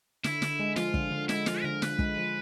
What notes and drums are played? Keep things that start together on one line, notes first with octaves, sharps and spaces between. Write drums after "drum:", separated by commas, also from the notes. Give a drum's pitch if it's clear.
D3 E4, drum: snare
D3, drum: snare
G#3
F3 F4, drum: snare
D3, drum: kick
D3
G#3 E4, drum: snare
F3 F4, drum: snare
B4
D3 A#4
D3 B4, drum: snare
G#3, drum: kick
F3